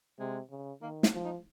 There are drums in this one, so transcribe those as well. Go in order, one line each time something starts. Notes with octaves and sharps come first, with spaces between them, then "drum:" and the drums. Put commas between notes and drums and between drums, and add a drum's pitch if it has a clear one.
C3 G#3
C#3
D#3 A#3
C4, drum: snare
F3
D#4